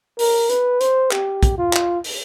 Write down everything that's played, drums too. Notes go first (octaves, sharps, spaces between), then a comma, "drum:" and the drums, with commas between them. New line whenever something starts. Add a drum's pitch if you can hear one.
A#4, drum: open hi-hat
B4, drum: hi-hat
C5, drum: hi-hat
G4, drum: clap
drum: kick, hi-hat
F4
drum: clap
drum: open hi-hat